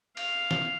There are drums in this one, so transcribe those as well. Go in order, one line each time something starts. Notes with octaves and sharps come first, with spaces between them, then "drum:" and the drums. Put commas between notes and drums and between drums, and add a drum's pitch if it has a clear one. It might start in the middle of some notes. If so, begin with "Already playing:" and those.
F5, drum: cymbal
drum: snare